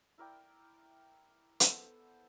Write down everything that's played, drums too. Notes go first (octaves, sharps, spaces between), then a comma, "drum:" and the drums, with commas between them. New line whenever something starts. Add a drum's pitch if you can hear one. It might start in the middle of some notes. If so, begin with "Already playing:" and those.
E4 A#4 D5 G5
B3 A4 C5 F#5, drum: hi-hat